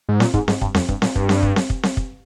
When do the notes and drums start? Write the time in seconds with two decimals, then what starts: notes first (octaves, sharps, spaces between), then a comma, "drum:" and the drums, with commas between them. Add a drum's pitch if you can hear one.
0.09 G#2
0.20 A#2, drum: snare C4
0.34 G#2, drum: kick
0.48 G#2, drum: snare C4
0.61 G2, drum: kick
0.74 F2, drum: snare C4
0.89 G2, drum: kick
1.02 A#2, drum: snare C4
1.16 G2, drum: kick
1.29 drum: snare C4
1.43 drum: kick
1.56 drum: snare C4
1.70 drum: kick
1.83 drum: snare C4
1.97 drum: kick